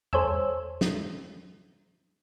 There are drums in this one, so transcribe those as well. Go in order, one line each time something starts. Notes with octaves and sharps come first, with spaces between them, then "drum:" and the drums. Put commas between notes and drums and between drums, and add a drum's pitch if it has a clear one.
A4 C5 C#5 G#5 E6, drum: tom E2
drum: snare